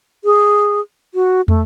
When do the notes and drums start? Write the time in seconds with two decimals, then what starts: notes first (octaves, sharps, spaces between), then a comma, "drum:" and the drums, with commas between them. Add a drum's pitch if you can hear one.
0.24 G#4
1.15 F#4
1.48 A3, drum: tom